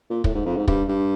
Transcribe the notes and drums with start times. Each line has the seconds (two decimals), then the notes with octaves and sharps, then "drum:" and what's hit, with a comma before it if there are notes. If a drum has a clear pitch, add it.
0.10 A#2
0.24 A2, drum: kick
0.34 G#2
0.46 F2
0.56 G#2
0.68 G2, drum: kick
0.89 G2